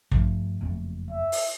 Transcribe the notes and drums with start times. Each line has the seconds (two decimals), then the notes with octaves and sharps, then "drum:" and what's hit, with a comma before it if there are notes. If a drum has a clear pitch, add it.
0.12 G2 F3 A3, drum: kick
0.61 F#1 F2 A3
1.11 E5
1.32 drum: open hi-hat